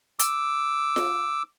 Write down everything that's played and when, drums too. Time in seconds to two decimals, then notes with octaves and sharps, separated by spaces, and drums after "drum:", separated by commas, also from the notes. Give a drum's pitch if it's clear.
0.19 D6 E6, drum: hi-hat
0.96 drum: snare F4